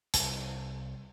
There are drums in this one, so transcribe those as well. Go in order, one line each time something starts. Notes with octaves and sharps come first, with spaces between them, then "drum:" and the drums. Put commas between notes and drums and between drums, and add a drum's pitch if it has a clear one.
C2, drum: hi-hat